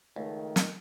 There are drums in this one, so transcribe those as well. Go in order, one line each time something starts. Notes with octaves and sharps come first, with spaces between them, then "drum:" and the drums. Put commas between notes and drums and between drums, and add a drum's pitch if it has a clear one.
C#2 D#3 A3
drum: snare